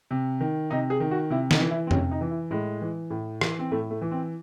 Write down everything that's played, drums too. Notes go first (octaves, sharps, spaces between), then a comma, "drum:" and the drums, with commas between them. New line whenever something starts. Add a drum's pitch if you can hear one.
C3
D#3
C3 D#4
G#4
D#3
F#4
C3 E4
D#4, drum: snare
E3
E4
C4
C3 C#4, drum: tom F2
D#4
E3
E4
A2 G#3
E3
A2
E3, drum: rim click
C4
A2 A3
A3
E3
C4